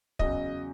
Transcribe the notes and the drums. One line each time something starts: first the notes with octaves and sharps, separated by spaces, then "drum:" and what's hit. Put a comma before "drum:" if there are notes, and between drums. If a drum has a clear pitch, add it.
E2 C#3 F#3 D#5, drum: kick